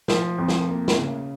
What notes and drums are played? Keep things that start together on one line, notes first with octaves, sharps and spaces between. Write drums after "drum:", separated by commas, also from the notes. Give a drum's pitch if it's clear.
F3, drum: snare
F2
drum: snare
A#3
drum: snare
C#3